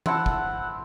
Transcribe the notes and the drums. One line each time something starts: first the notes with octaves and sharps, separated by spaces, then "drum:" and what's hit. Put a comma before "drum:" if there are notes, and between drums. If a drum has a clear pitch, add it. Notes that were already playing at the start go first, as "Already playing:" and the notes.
C4 E4 F#5 A5, drum: tom E3
drum: kick